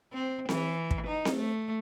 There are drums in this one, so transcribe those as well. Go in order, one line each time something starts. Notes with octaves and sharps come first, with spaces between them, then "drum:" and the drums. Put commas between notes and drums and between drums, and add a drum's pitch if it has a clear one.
C4
E3, drum: snare C4
drum: kick
D#4
drum: snare C4
A3